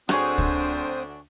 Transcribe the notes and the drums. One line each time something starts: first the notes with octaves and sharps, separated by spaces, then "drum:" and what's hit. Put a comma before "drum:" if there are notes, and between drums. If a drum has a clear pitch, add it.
D2 C4 D4 G#4 C5 C#5 F#5 D#6, drum: rim click
drum: kick